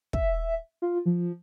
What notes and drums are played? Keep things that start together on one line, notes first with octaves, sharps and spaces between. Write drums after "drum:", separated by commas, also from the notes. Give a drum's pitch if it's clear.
E5, drum: kick
F4
F3